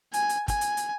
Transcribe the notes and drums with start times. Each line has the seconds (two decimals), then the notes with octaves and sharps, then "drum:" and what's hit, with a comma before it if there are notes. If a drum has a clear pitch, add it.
0.13 G#5, drum: hi-hat
0.29 drum: hi-hat
0.48 G#5, drum: kick, hi-hat
0.61 drum: hi-hat
0.77 drum: hi-hat